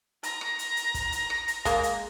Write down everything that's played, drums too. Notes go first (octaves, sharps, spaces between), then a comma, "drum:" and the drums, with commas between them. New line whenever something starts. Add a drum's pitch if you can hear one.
A#5, drum: hi-hat
drum: rim click
drum: hi-hat
drum: hi-hat
drum: kick, hi-hat
drum: hi-hat
drum: rim click
drum: hi-hat
G#3 A#3, drum: kick, hi-hat
drum: hi-hat